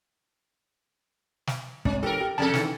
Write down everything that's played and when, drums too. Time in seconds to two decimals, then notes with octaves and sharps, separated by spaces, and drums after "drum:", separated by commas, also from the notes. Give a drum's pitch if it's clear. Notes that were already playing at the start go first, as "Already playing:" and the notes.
1.47 drum: snare
1.85 G#2 C3 C#4, drum: kick
2.03 E3 G4 A4 A#4
2.21 G4
2.38 F2 C3 A4 A5
2.54 D#3 E3, drum: snare